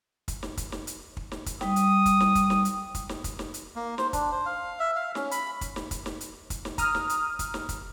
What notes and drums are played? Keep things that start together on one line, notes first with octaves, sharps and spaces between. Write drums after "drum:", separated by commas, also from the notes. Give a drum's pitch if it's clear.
drum: kick, hi-hat
drum: snare
drum: kick, hi-hat
drum: snare
drum: hi-hat
drum: kick
drum: snare
drum: kick, hi-hat
G3 G5 D#6, drum: snare
drum: hi-hat
drum: kick, hi-hat
drum: snare
drum: kick, hi-hat
drum: snare
drum: hi-hat
drum: kick, hi-hat
drum: snare
drum: kick, hi-hat
drum: snare
drum: hi-hat
A#3
C5, drum: snare
D4, drum: kick, hi-hat
C5
F5
E5
F5
C#4, drum: snare
B5, drum: hi-hat
drum: kick, hi-hat
drum: snare
drum: kick, hi-hat
drum: snare
drum: hi-hat
drum: kick, hi-hat
drum: snare
A#5 D#6 F6, drum: kick, hi-hat
drum: snare
drum: hi-hat
drum: kick, hi-hat
drum: snare
drum: kick, hi-hat